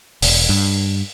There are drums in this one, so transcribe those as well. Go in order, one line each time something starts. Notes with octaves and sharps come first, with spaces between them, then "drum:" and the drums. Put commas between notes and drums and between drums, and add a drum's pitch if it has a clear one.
E1, drum: open hi-hat
G2